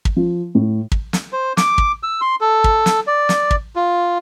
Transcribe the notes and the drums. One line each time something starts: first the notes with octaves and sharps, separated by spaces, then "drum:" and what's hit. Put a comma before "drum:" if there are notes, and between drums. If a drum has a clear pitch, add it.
drum: kick
F3
A2
drum: kick
drum: snare
C5
D6, drum: snare
drum: kick
E6
C6
A4
drum: kick
drum: snare
D5
drum: snare
drum: kick
F4